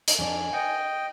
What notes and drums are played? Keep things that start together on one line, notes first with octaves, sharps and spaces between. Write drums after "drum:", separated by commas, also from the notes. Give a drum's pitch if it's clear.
drum: hi-hat
F2 D4 G#5
D#5 F#5 G5